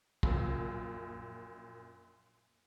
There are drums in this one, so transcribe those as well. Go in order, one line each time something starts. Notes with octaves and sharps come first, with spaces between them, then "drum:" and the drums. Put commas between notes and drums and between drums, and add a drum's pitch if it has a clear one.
A#1 F#2 A#2, drum: kick